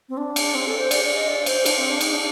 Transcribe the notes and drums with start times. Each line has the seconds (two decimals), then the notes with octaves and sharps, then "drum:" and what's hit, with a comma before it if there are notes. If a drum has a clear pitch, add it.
0.09 C4
0.17 D4
0.36 drum: cymbal
0.55 C4
0.67 A4
0.79 C5
0.91 D5, drum: cymbal
1.04 D5
1.16 D#5
1.28 D5
1.46 C5, drum: cymbal
1.66 D4, drum: cymbal
1.78 C4
1.90 D4
2.01 D#4, drum: cymbal
2.13 D4